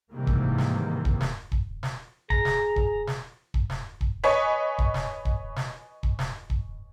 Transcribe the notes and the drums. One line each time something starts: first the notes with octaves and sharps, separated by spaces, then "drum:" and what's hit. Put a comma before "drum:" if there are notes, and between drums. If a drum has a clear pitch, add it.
G#2 C3 D#3 E3 G3 A#3
drum: kick
drum: snare
drum: kick
drum: snare
drum: kick
drum: snare
G#4 A#5, drum: kick
drum: snare
drum: kick
drum: snare
drum: kick
drum: snare
drum: kick
B4 C#5 D#5 G#5 C#6
drum: kick
drum: snare
drum: kick
drum: snare
drum: kick
drum: snare
drum: kick